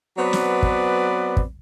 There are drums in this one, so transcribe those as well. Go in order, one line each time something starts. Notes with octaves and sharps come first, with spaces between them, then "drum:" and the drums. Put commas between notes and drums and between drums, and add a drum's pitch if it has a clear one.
F#3 B3 C4 B4 D5
drum: snare
drum: kick
drum: kick